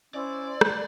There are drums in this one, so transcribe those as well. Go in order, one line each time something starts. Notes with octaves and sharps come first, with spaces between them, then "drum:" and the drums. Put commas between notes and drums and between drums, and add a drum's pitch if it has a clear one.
C#4 E4 C5 D5
drum: rim click